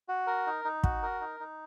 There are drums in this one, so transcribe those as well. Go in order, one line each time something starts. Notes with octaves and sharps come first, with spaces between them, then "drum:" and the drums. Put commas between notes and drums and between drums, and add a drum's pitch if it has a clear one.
F#4
A#4
D#4
D#4
F#4, drum: kick
A#4
D#4
D#4